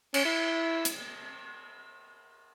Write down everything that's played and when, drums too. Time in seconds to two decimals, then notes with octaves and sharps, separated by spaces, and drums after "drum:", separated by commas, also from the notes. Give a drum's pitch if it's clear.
0.14 C#4, drum: cymbal
0.25 E4
0.85 drum: hi-hat